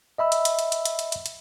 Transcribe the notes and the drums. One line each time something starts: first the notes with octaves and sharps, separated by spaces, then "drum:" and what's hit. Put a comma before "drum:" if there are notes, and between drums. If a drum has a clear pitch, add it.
D#5 E5 B5 E6
drum: hi-hat
drum: hi-hat
drum: hi-hat
drum: hi-hat
drum: hi-hat
drum: hi-hat
drum: hi-hat
drum: hi-hat